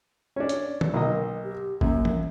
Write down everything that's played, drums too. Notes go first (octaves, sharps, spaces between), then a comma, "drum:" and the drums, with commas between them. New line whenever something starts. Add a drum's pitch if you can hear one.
C#4 D4
drum: hi-hat
drum: tom D3
B1 A#3 D#5
G4
F#2 A#3, drum: kick G#1
drum: tom E3